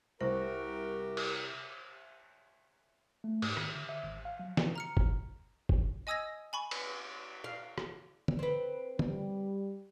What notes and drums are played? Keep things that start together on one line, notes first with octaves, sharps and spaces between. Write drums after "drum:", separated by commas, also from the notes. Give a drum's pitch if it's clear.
C2 F#4 G4 A#4 C5
drum: cymbal
A3
G#2, drum: cymbal
D#3, drum: rim click
D3
E5
G#1
F5
F#3
drum: snare
A#5 F6 C#7
drum: kick
drum: kick
D#5 G#5 D#6 E6 G#6 A#6
G#5 B5 C#6
drum: cymbal
F5
drum: rim click
drum: tom
C4 B4
G3, drum: tom